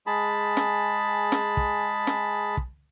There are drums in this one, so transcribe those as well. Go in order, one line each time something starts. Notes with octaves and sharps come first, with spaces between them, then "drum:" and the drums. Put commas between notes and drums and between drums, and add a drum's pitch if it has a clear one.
G#3 G#4 A5 B5
drum: snare
drum: snare
drum: kick
drum: snare
drum: kick